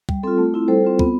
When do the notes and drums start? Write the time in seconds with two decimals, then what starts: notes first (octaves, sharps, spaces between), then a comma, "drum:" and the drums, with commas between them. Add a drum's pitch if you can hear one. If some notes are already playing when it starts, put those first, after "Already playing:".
0.09 G3, drum: kick
0.23 C4 F4 A4
0.38 A3
0.54 C4 E4
0.68 G3 A4 C5
0.84 C4 F4
0.99 B3, drum: kick